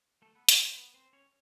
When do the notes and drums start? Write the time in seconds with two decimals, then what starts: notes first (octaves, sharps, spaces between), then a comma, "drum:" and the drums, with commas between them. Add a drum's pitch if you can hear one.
0.22 A3 A4
0.35 B3 B4
0.49 C4 C5, drum: hi-hat
0.63 C4 C5
0.76 B3 B4
0.94 C4 C5
1.13 C#4 C#5